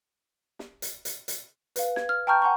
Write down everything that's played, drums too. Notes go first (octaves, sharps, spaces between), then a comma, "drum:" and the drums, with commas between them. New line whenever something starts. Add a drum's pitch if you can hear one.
drum: snare
drum: hi-hat
drum: hi-hat
drum: hi-hat
B4 F5, drum: hi-hat
G#6, drum: snare
F6
G5 A5 A#5 C#6 F6 G6
F#5 G#5 A#5 C6 C#6